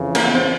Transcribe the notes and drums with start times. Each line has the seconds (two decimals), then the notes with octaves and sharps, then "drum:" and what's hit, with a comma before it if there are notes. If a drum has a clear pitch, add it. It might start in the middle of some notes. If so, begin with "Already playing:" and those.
Already playing: F2 C#3 E3
0.15 A#3, drum: cymbal
0.25 B3
0.35 C4